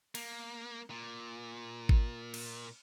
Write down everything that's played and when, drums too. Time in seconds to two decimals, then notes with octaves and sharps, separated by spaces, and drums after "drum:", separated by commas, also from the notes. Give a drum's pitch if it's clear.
0.15 A#3, drum: cymbal
0.90 A#2
1.89 drum: kick G#1
2.34 drum: cymbal